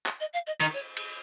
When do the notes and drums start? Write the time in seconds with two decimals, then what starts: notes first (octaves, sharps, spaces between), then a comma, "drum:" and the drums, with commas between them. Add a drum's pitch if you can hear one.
0.06 drum: clap
0.20 D#5
0.33 F5
0.47 D#5
0.60 D#3 D#5, drum: cymbal
0.73 C#5
0.97 drum: cymbal